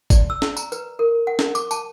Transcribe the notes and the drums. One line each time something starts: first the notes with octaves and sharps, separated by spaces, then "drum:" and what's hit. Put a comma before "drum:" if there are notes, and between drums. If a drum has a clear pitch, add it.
D5, drum: kick, tambourine
E6
drum: snare
A#5, drum: tambourine
B4, drum: tambourine
A#4
F#5
drum: snare
D6, drum: tambourine
A5, drum: tambourine